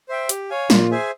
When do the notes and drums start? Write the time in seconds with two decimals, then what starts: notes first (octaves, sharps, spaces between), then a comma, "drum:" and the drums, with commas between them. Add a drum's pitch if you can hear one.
0.09 C5 E5 G5
0.29 G4, drum: hi-hat
0.50 C#5 F5 G#5
0.70 A#2 F4, drum: snare
0.90 G#4 C5 E5 G#5